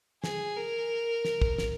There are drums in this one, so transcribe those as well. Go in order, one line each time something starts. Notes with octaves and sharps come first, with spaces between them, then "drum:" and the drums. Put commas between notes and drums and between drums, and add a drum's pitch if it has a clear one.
G#4, drum: snare
A#4
drum: snare
drum: kick
drum: snare